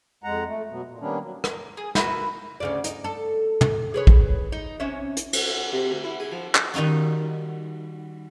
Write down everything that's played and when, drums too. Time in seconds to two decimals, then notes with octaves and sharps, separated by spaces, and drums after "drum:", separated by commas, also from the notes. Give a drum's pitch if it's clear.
0.24 F2 G#3 F#5 A#5
0.47 A3
0.70 B2 F#3 B3
0.88 A#2
1.00 D#3 G3 A#3 B3 C#4 D4
1.21 F#3
1.44 drum: rim click
1.53 A#3
1.77 G#4
1.95 E4 F#4 A#4 B4, drum: snare
2.60 D2 C#3 D5
2.84 D#4, drum: hi-hat
3.04 A4
3.61 drum: tom
3.94 G#4 B4 C#5
4.07 drum: kick A#1
4.52 D#4
4.80 C3 C#4 E5
5.17 drum: hi-hat
5.33 drum: cymbal
5.50 E5
5.72 C3
5.91 D2
6.04 E4
6.20 G#4
6.32 F3
6.55 drum: clap
6.74 D#3 G3 D#4 F4 F#4